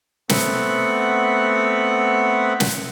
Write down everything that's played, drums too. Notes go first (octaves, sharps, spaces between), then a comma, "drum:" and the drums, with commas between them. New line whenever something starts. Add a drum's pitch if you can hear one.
A3 B3 C4 F#5 B5, drum: snare
drum: snare